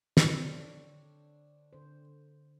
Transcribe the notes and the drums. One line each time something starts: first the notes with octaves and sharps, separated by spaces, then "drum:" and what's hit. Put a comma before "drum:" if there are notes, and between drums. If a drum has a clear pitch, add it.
D3 C4 D4 C5 C#5, drum: snare
D3 C5